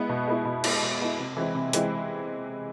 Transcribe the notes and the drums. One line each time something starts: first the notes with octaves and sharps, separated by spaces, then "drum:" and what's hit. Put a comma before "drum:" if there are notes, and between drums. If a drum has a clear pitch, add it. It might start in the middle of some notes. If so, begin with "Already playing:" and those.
Already playing: G#3 B3 E4
B2
G#3 B3 E4
B2
G#3 B3 E4, drum: cymbal
B2
G#3 B3 E4
C3
E3 G#3 C4 E4
C3
E3 G#3 C4 E4, drum: hi-hat